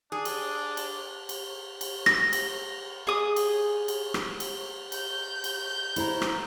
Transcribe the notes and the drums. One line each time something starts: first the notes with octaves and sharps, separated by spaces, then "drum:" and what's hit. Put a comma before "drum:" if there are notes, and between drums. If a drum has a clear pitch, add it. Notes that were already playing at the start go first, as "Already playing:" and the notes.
D4 G#4
drum: cymbal
drum: cymbal
drum: cymbal
drum: cymbal
A#6, drum: rim click
drum: cymbal
G#4 D#6
drum: cymbal
drum: cymbal
drum: rim click
drum: cymbal
G6, drum: cymbal
drum: cymbal
E4 C5 A#5, drum: cymbal
drum: rim click